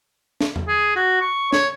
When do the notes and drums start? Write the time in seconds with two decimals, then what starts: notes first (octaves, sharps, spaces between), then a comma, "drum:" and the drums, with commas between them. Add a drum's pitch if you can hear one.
0.41 drum: snare
0.56 drum: tom E2
0.68 G#4
0.96 F#4
1.21 C#6
1.53 C#5, drum: snare